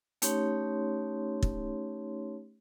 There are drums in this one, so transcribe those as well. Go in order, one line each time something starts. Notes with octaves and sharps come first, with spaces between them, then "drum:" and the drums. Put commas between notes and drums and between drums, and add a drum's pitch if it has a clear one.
A3 C#4 D#4 G4 C#5 C6, drum: hi-hat
drum: kick